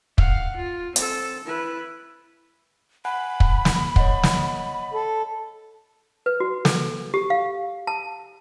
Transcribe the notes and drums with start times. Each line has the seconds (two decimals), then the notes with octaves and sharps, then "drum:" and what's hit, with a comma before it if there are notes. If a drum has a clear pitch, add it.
0.18 F5 F#5, drum: kick
0.57 F4
0.96 C4 A4, drum: hi-hat
1.44 E4 B4
3.05 F#5 G#5 B5 F#6
3.40 drum: kick
3.65 drum: snare
3.96 C#5 D#5 F#5, drum: kick
4.23 drum: snare
4.94 A4
6.26 B4
6.40 F#4
6.65 A4, drum: snare
7.14 G4
7.30 F5
7.87 A5